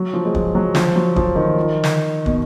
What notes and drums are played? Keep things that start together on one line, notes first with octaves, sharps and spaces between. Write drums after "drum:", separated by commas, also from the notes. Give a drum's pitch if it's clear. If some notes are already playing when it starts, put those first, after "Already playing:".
Already playing: F#3
F3
G#3
F#3, drum: kick
F#3
F3, drum: snare
F#3
F3, drum: kick
D#3
drum: snare
B2, drum: kick